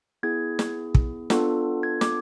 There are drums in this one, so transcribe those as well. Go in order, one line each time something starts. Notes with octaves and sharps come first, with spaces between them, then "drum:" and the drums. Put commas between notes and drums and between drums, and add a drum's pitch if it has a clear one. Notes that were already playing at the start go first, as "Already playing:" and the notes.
B3 E4 G#4 G#6
drum: snare
drum: kick
B3 D4 F4 A4, drum: snare
G#6
D6, drum: snare